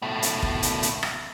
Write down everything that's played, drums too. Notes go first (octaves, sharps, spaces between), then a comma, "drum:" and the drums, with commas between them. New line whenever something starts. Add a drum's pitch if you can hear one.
B2 A3
drum: hi-hat
drum: kick
drum: hi-hat
drum: hi-hat
drum: rim click